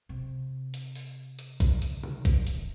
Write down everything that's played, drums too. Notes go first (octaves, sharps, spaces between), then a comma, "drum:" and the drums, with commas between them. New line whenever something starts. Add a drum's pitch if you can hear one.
C3
drum: hi-hat
drum: open hi-hat
drum: hi-hat
drum: kick B1, hi-hat
drum: hi-hat
drum: tom C3
drum: kick B1, hi-hat
D1, drum: hi-hat